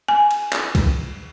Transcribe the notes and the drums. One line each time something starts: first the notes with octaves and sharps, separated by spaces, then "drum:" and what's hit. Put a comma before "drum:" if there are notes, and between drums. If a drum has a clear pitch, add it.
G#5
drum: cymbal
drum: clap
drum: kick, cymbal